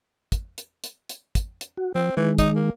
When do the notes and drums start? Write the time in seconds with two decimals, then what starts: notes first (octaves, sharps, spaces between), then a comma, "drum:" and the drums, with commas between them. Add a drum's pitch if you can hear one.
0.32 drum: kick, hi-hat
0.58 drum: hi-hat
0.84 drum: hi-hat
1.09 drum: hi-hat
1.35 drum: kick, hi-hat
1.61 drum: hi-hat
1.77 F#4
1.95 F3 C4
2.17 D#3 E3 G#3
2.38 D#4, drum: kick, hi-hat
2.56 A#3